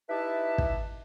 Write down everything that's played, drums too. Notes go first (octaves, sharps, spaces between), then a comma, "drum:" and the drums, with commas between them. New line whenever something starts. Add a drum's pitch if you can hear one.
D#4 E4 G4 B4 E5 A5
drum: kick